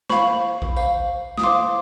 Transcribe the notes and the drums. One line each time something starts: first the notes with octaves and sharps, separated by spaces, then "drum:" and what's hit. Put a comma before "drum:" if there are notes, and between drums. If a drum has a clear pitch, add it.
C5 F5 B5 C#6, drum: snare
drum: kick A#1
C5 F5, drum: tambourine
D#6, drum: snare
C5 F5 C6 D6